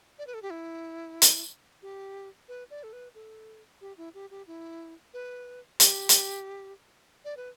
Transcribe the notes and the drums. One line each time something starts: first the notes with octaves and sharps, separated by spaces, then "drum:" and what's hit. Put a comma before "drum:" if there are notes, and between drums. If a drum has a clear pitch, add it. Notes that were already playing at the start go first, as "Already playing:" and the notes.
D5
B4
A4
G4
E4
drum: hi-hat
G4
B4
D5
A4
B4
A4
G4
E4
G4
G4
E4
B4
G4, drum: hi-hat
drum: hi-hat
D5
B4